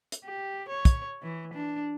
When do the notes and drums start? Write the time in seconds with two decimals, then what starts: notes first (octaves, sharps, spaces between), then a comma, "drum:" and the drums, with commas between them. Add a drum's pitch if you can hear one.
0.12 drum: hi-hat
0.24 G4
0.68 C#5
0.85 drum: kick, hi-hat
1.22 E3
1.54 D4